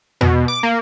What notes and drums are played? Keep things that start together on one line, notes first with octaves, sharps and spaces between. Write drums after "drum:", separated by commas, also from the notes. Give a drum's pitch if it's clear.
B2, drum: tom E2
D6
A#3